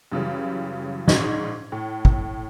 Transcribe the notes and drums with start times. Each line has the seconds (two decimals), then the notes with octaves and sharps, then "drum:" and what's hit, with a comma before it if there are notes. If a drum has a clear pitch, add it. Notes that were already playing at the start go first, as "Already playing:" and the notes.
0.12 F#2 C#3 E3 G3
1.08 A#1 G#2 D#5 G#6, drum: snare
1.72 A2
2.05 drum: kick